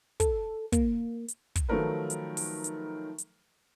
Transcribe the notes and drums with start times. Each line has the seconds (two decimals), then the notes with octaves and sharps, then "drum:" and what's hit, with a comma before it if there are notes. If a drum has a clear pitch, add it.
0.20 A4, drum: kick, hi-hat
0.72 A#3, drum: kick, hi-hat
1.28 drum: hi-hat
1.56 drum: kick, hi-hat
1.69 D#3 F3 F#3 A3 A#4 B4
2.10 drum: hi-hat
2.37 drum: open hi-hat
2.64 drum: hi-hat
3.18 drum: hi-hat